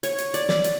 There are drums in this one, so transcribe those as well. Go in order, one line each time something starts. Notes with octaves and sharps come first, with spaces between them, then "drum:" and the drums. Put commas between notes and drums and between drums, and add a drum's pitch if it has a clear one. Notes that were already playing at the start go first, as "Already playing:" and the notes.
C#5, drum: hi-hat
drum: hi-hat
D5, drum: hi-hat
D5, drum: snare
drum: hi-hat